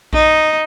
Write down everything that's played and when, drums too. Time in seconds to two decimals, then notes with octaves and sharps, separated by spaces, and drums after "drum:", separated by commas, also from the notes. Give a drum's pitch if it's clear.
0.13 D#4, drum: kick A#1